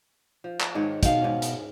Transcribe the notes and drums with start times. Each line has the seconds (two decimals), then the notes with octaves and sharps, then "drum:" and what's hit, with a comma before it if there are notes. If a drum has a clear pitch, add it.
0.44 F3
0.61 drum: clap
0.75 G#2 D#3 C#5
1.03 B2 D#3 F5, drum: kick, hi-hat
1.22 G#2 C#4
1.42 drum: hi-hat